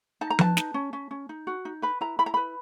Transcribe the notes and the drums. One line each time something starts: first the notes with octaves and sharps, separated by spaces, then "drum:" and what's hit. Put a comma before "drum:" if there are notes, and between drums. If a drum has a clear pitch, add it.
D#4 A5
A#5
B4 A5, drum: tom F3
D#4, drum: snare
C#4
C#4
C#4
D#4
F#4
D#4
B4 B5
E4 A#5
E4 B5
A#5
B4 B5